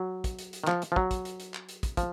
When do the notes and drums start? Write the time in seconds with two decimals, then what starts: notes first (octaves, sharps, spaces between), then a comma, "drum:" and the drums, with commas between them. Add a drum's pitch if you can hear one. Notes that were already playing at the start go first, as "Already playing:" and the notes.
Already playing: F#3
0.24 drum: kick, hi-hat
0.39 drum: hi-hat
0.53 drum: hi-hat
0.64 D#3
0.67 F3, drum: clap
0.82 drum: hi-hat
0.92 F3
0.96 F#3, drum: kick
1.11 drum: kick, hi-hat
1.25 drum: hi-hat
1.40 drum: hi-hat
1.54 drum: clap
1.69 drum: hi-hat
1.83 drum: kick, hi-hat
1.97 F3, drum: kick, hi-hat